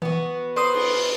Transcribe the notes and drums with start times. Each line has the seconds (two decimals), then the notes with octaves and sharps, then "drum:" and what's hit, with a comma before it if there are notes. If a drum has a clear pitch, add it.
0.02 E3 B3 F#4
0.56 B4 C5 D5 D#6 C7
0.74 drum: cymbal